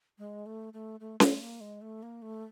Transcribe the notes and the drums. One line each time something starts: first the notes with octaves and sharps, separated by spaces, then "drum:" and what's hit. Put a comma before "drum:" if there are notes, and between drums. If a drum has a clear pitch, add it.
G#3
A3
A3
A3
A3, drum: snare C#4
A#3
G#3
A3
A#3
A3